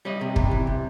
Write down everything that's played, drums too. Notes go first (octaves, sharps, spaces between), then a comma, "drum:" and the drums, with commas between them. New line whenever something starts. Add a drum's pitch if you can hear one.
G3 C#5 D#5
C3
C3, drum: kick
E3
C3